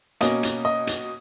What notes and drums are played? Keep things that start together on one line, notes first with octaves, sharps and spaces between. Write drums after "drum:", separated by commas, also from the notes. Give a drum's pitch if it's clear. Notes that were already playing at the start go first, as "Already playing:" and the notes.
B2 A#3 C#4 D#5, drum: hi-hat
drum: hi-hat
D#5
drum: hi-hat